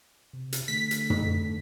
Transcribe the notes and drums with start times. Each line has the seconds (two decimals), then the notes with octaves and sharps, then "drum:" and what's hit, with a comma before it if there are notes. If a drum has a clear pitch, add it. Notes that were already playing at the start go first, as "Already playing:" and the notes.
0.33 C3
0.52 drum: hi-hat
0.68 D3 A3 B6
0.91 drum: hi-hat
1.10 drum: tom